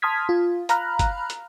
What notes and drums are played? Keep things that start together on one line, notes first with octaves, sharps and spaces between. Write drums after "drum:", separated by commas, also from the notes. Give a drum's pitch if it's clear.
A5 C6 D#6 F6 G#6 B6
F4
F5 A#5 B5 F6 F#6, drum: hi-hat
drum: kick, hi-hat
drum: hi-hat